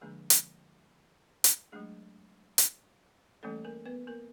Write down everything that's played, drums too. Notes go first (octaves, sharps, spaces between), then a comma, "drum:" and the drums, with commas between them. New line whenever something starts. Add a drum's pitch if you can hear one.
D3 F3 G#3 A#3 D4 G#4
drum: hi-hat
drum: hi-hat
F#3 G#3 A3 D4 G#4
drum: hi-hat
E3 G3 A3 A#3 C#4 A4
A#3 A#4
B3 B4
A#3 A#4